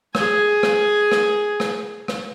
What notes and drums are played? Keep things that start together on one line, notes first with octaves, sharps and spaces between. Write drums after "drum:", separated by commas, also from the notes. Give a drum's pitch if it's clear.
G#4 G#5, drum: rim click
drum: rim click
drum: rim click
drum: rim click
drum: rim click